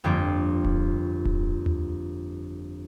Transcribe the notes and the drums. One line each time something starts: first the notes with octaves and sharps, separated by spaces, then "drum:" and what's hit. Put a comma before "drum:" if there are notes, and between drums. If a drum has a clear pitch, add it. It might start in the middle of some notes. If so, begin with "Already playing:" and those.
G1 F2 A#3 F4 D6
drum: kick D1
drum: kick D1
drum: tom D#2